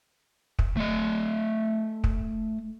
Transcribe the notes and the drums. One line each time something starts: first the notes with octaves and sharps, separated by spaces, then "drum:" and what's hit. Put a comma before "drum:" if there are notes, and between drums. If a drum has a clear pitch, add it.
drum: kick
A3 D#5
drum: kick